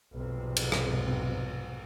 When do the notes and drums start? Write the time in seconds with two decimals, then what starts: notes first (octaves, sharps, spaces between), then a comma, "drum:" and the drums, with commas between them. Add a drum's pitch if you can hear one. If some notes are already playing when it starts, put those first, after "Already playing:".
0.14 B1 F2 G#2 C3 C4
0.56 drum: cymbal
0.72 drum: rim click